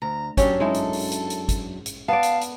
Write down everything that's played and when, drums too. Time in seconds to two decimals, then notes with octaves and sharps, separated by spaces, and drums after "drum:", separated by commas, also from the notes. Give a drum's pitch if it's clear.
0.02 D2 A#5
0.37 F#2 F#3 C#4 D4 G4, drum: kick, hi-hat
0.60 G#3 D#4 E4 A4
0.74 drum: hi-hat
0.93 drum: open hi-hat
1.12 drum: hi-hat
1.30 drum: hi-hat
1.49 drum: kick, hi-hat
1.86 drum: hi-hat
2.08 B3 D5 F5 A5
2.23 drum: hi-hat
2.41 drum: hi-hat